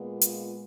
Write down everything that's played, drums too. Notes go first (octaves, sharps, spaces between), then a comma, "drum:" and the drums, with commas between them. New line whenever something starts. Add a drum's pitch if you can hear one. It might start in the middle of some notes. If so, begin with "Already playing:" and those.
Already playing: A#2 G#3 B3
F4, drum: hi-hat